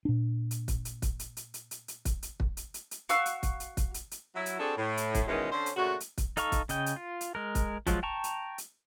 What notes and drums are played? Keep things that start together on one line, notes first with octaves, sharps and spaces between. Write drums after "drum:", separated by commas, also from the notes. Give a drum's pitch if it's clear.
A#2 D4
drum: hi-hat
drum: kick, hi-hat
drum: hi-hat
drum: kick, hi-hat
drum: hi-hat
drum: hi-hat
drum: hi-hat
drum: hi-hat
drum: hi-hat
drum: kick, hi-hat
drum: hi-hat
drum: kick
drum: hi-hat
drum: hi-hat
drum: hi-hat
F#4 F5 C#6 E6, drum: hi-hat
drum: hi-hat
drum: kick, hi-hat
drum: hi-hat
drum: kick, hi-hat
drum: hi-hat
drum: hi-hat
F#3 E4
drum: hi-hat
C4 D4 F#4 G#4 A4
A2
drum: hi-hat
drum: kick, hi-hat
G#2 B2 D#3 E3 G#3 C#4
D3 C#4 C5
drum: hi-hat
A#2 C#3 A3 F#4
drum: hi-hat
drum: kick, hi-hat
D#4 A4 F5 A#5 C#6, drum: hi-hat
drum: kick, hi-hat
C#3 D#5 G5, drum: hi-hat
drum: hi-hat
F4
drum: hi-hat
G#3 A#4
drum: kick, hi-hat
F3 F#3 G#3 F4, drum: kick, hi-hat
G5 A5 A#5 C#6
drum: hi-hat
drum: hi-hat